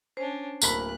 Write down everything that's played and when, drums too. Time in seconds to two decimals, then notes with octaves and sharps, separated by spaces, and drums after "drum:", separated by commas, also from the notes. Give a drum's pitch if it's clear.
0.17 C#4 D4 C5
0.62 D1 F#3 A3 A#3 B5 F#6 B6, drum: tambourine